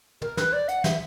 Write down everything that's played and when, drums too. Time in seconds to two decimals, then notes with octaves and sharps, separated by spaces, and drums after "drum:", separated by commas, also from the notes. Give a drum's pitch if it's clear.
0.22 A#4, drum: tom
0.37 B4, drum: snare
0.53 D5
0.68 F#5, drum: hi-hat
0.84 E5, drum: snare